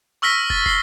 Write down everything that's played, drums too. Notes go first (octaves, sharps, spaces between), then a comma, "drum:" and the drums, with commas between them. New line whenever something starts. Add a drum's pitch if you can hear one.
C#6 E6 F6 A#6 B6
A6, drum: kick
C7 G7, drum: kick